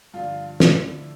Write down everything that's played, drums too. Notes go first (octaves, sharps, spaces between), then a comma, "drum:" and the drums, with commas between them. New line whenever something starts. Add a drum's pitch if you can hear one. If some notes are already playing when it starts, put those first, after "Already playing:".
G2 D3 F3 F4
D3 F3 A3 E4, drum: snare